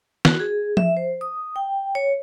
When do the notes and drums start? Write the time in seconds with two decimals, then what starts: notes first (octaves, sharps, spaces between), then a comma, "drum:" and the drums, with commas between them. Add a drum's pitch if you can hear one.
0.25 F#4, drum: snare
0.40 G#4
0.77 E5, drum: tom F3
0.97 C5
1.21 D#6
1.56 G5
1.95 C#5